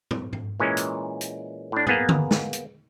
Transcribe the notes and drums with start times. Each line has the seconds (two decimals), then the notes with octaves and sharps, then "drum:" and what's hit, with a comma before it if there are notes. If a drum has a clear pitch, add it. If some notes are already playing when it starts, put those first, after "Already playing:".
0.11 drum: tom
0.33 drum: tom G#2
0.60 A#2 E3 G#3 C#4
0.77 drum: hi-hat
1.21 drum: hi-hat
1.72 A2 D4
1.87 A#3 B3 G#4, drum: tom
2.09 drum: tom D3
2.31 drum: snare
2.53 drum: hi-hat